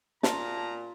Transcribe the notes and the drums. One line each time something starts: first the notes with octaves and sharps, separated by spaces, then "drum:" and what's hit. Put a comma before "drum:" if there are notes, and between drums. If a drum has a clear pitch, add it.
A#2 F4 A5 A#5, drum: snare